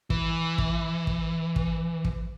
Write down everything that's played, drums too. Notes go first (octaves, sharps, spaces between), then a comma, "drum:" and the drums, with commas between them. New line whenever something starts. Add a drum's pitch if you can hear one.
E3, drum: kick
drum: kick
drum: kick
drum: kick
drum: kick